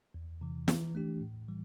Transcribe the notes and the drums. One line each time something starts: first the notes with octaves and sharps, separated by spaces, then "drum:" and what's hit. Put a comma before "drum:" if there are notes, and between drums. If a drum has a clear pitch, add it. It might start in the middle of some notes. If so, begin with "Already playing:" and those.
E2
C3 E3
E3, drum: snare
A3 D4 G4
A2
E3 G3